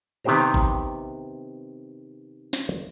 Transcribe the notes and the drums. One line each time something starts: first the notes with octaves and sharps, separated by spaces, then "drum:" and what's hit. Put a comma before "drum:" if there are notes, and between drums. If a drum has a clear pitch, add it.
C3 D#3 B3 G4 C5 A#5
drum: hi-hat
drum: kick A1
drum: snare